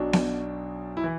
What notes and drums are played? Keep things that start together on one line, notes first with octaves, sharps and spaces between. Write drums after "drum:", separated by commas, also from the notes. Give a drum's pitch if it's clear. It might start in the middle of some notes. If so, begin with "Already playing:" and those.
Already playing: B1 B2 F#3 D4
drum: snare B3
E4
E3